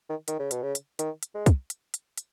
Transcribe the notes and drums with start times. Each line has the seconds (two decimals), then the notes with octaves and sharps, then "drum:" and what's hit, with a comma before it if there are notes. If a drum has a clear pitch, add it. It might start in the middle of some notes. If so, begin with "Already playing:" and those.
0.10 D#3
0.28 D#3, drum: hi-hat
0.39 C#3
0.51 B2, drum: hi-hat
0.63 C#3
0.75 drum: hi-hat
0.99 D#3, drum: hi-hat
1.23 drum: hi-hat
1.35 G#3
1.46 drum: kick, hi-hat
1.70 drum: hi-hat
1.94 drum: hi-hat
2.18 drum: hi-hat